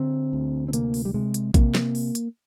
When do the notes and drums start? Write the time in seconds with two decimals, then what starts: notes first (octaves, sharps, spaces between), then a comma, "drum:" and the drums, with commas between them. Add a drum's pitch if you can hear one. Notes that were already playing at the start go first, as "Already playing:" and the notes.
Already playing: D3 C4
0.33 D2
0.68 C4
0.73 C3 A#3, drum: hi-hat
0.94 drum: open hi-hat
1.05 G3
1.14 C3 G#3
1.34 drum: hi-hat
1.54 C3 A#3, drum: kick A#1, hi-hat
1.75 drum: snare
1.95 drum: open hi-hat
2.15 drum: hi-hat